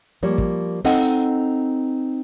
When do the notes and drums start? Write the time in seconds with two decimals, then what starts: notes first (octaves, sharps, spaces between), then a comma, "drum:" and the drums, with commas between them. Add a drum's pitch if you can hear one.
0.23 F3 G3 A#3 C#5
0.38 drum: kick
0.85 C4 D#4 A4 D#5 F5 F#5, drum: open hi-hat